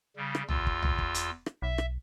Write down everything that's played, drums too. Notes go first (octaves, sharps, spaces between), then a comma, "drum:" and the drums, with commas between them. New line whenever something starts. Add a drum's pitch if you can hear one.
C#3 G3
drum: rim click
E2 F4 E6, drum: tom A#1
drum: kick
drum: tom A#1
drum: kick
drum: hi-hat
drum: rim click
B1 E5
drum: rim click